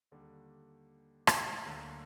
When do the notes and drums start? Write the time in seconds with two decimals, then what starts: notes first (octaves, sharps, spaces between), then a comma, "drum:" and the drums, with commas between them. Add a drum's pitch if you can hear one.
0.12 D#2 D3 G3
1.27 drum: rim click
1.66 D2 D3 F#3 A#3